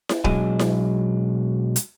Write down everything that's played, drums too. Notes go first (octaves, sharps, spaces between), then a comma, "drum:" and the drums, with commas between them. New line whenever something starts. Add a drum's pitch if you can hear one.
drum: snare E4
B1 F#3 G#3 D4 G#5, drum: kick
drum: snare E4
drum: hi-hat